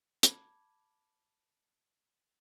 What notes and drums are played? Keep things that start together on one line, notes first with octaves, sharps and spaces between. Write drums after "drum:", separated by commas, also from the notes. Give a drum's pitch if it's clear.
A5 B5 D6 G#6, drum: hi-hat